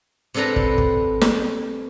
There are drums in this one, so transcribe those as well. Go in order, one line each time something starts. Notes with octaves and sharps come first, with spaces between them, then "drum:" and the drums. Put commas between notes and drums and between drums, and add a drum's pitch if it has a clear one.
C3 D4 A4 B4 A#5
drum: kick
drum: kick
drum: snare